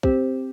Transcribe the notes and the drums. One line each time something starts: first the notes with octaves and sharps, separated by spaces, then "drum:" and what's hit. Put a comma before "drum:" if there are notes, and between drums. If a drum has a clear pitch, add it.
C4 G4 C5, drum: kick